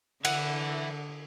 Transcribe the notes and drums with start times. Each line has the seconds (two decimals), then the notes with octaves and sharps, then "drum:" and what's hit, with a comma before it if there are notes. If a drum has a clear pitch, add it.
0.25 D3 E3 E4 F#5, drum: cymbal